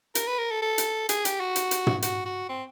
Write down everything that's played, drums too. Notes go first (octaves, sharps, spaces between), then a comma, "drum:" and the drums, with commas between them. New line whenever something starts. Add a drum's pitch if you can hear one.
A#4, drum: hi-hat
B4
A#4
A4
A4
drum: hi-hat
G#4, drum: hi-hat
G4, drum: hi-hat
F#4
drum: hi-hat
drum: hi-hat
drum: tom
F#4, drum: hi-hat
F#4
C4